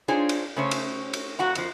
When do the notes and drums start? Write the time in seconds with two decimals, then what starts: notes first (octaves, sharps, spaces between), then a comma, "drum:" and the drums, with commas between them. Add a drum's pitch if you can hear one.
0.08 D4 D#4 F4 G#4 C5 C#5
0.29 drum: cymbal
0.56 C#3 A3 C#4 C5 C#5
0.71 drum: cymbal
1.13 drum: cymbal
1.39 F2 F#4 F#5 A#5
1.55 F2 F3, drum: cymbal